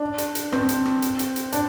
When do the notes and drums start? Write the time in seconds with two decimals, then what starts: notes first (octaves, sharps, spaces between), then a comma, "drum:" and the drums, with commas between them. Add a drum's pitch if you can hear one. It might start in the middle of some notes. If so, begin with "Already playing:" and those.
Already playing: D4
0.18 drum: hi-hat
0.35 drum: hi-hat
0.52 C4, drum: rim click
0.69 drum: hi-hat
0.85 drum: rim click
1.02 drum: hi-hat
1.19 drum: hi-hat
1.36 drum: hi-hat
1.52 D4, drum: hi-hat